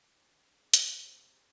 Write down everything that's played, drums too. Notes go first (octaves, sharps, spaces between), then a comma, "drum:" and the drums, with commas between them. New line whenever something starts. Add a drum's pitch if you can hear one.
C4 D4 G#4
C3, drum: hi-hat